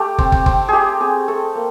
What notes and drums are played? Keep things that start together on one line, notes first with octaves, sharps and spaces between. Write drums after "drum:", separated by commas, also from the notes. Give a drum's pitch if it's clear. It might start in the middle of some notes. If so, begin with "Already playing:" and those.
Already playing: A3 G4
C4, drum: kick
drum: kick
C4, drum: kick
A3 G4 G#4
C4 G#4
A3 A4
A#3